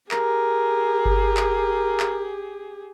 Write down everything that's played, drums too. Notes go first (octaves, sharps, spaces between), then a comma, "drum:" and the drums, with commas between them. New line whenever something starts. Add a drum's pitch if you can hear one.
G4 G#4 A#4, drum: clap
drum: kick G1
drum: clap
drum: clap